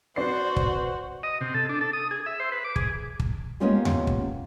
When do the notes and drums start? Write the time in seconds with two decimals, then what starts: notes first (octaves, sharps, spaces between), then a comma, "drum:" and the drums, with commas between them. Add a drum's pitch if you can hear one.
0.16 C4 F#4 B4 C5 D5 C7
0.56 drum: kick
1.23 D#5
1.41 C3
1.54 A4
1.69 D4
1.81 A4
1.93 D#6
2.11 G#4
2.26 E5
2.40 C5
2.52 B4
2.64 D6
2.76 G#4, drum: kick
3.20 drum: kick
3.60 G#3 A#3 B3 C#4 F4 G4
3.85 drum: tom E2
4.07 drum: kick